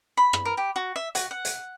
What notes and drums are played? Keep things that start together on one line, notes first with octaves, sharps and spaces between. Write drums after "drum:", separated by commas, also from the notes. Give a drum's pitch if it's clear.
B5
drum: rim click
A#4
G4
F#4
E5
F#4, drum: hi-hat
F#5
drum: hi-hat